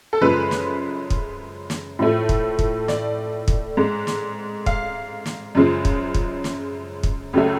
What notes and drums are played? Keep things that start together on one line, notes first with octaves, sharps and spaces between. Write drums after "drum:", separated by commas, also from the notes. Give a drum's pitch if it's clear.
A4
F#2 C#3 F3 G#3 B4
drum: snare
drum: kick
drum: snare
A2 F3 A3
drum: kick
drum: kick
D5, drum: snare
drum: kick
G#2 G#3
drum: snare
F5, drum: kick
drum: snare
F#2 C#3 F3 G#3
drum: kick
drum: kick
drum: snare
drum: kick
C#2 C#3 F#3 A3